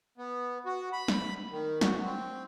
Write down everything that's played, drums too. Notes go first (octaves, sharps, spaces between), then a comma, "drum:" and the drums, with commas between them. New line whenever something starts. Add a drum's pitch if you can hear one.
B3
F#4
B5
drum: snare
D#3
F#4, drum: snare
C4